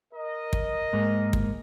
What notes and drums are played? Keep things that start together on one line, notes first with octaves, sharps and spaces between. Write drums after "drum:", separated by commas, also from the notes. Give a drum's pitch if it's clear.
A#4 D#5
drum: kick
G#2 G#3 A#3
drum: kick